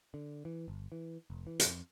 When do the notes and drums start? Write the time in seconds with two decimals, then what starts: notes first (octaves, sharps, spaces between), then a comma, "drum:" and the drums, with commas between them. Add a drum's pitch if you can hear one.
0.14 D3
0.45 E3
0.68 G1
0.92 E3
1.30 F1
1.47 E3
1.60 F2, drum: hi-hat